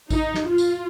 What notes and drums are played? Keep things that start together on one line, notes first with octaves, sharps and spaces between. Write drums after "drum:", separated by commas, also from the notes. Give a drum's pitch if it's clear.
D#4, drum: kick A1, tambourine
drum: snare
F4
drum: tambourine